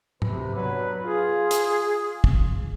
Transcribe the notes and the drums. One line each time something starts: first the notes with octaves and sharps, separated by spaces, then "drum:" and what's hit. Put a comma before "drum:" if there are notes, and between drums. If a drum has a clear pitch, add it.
F#2 C3 C4 B4, drum: tom G#2
F#3 B3 D4 B4
F4 G#4
drum: hi-hat
drum: kick